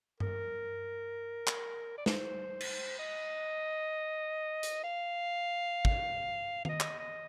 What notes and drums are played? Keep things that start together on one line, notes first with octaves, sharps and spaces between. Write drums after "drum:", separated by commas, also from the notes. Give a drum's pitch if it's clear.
A#4, drum: tom G2
drum: clap
D5
C5, drum: snare
drum: cymbal
D#5
drum: hi-hat
F5
drum: kick
F5, drum: tom D#3
D#5
drum: clap
D#5